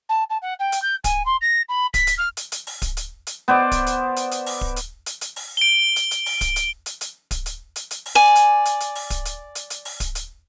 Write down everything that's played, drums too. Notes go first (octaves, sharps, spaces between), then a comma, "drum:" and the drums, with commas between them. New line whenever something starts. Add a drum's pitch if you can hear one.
A5
A5
F#5
G5
drum: hi-hat
G6
G#5, drum: kick D1, hi-hat
C6
A#6
B5
B6, drum: kick D1, hi-hat
drum: hi-hat
F6
drum: hi-hat
drum: hi-hat
drum: open hi-hat
drum: kick D1, hi-hat
drum: hi-hat
drum: hi-hat
B3 C5 D5
drum: kick D1, hi-hat
drum: hi-hat
drum: hi-hat
drum: hi-hat
drum: open hi-hat
drum: kick D1
drum: hi-hat
drum: hi-hat
drum: hi-hat
drum: open hi-hat
D7 G7
drum: hi-hat
drum: hi-hat
drum: open hi-hat
drum: kick D1, hi-hat
drum: hi-hat
drum: hi-hat
drum: hi-hat
drum: kick D1, hi-hat
drum: hi-hat
drum: hi-hat
drum: hi-hat
drum: open hi-hat
D5 G#5
drum: hi-hat
drum: hi-hat
drum: hi-hat
drum: open hi-hat
drum: kick D1, hi-hat
drum: hi-hat
drum: hi-hat
drum: hi-hat
drum: open hi-hat
drum: kick D1, hi-hat
drum: hi-hat